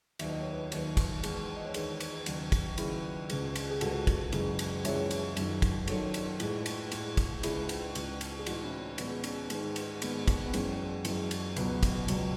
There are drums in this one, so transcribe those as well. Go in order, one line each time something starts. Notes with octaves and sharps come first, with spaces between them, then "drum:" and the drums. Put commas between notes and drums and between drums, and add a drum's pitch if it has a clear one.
D#2 D#3 F#3 E5, drum: cymbal
D#5
C#5
B4 D#5
D#2 D#3 F#3, drum: cymbal
drum: kick, cymbal
E2 D#3 G#3, drum: cymbal
D#5
C#5
E2 D#3 G#3 G#4 B4, drum: cymbal
drum: cymbal
D#2 C#3 F#3, drum: cymbal
drum: kick, cymbal
D#2 C#3 F#3 E4 G#4, drum: cymbal
C#2 C#3 G#3, drum: cymbal
drum: cymbal
G#4
C#2 C#3 G#3 F#4 A4, drum: cymbal
drum: kick, cymbal
F#2 C#3 E3 G#3, drum: cymbal
drum: cymbal
F#2 C#3 E3 G#3 C#5 E5, drum: cymbal
drum: cymbal
F#2 D#3 F#3, drum: cymbal
drum: kick, cymbal
F#2 D#3 F#3 A4 C#5, drum: cymbal
drum: cymbal
A2 G#3, drum: cymbal
drum: cymbal
A2 G#3, drum: cymbal
drum: kick, cymbal
C#2 C#3 G#3 E4 G#4, drum: cymbal
drum: cymbal
C#2 C#3 G#3, drum: cymbal
drum: cymbal
G#4
A2 E3 G#3 D#4 F#4, drum: cymbal
C#4 E4
C#4
A2 E3 G#3 B3, drum: cymbal
C#4, drum: cymbal
G#2 D#3 G#3, drum: cymbal
drum: cymbal
G#2 D#3 G#3 B3, drum: cymbal
drum: kick, cymbal
B3
F#2 E3 G#3 C#4, drum: cymbal
F#2 E3 G#3, drum: cymbal
drum: cymbal
C#2 B2 F#3 B3, drum: cymbal
drum: kick, cymbal
C#2 B2 F#3, drum: cymbal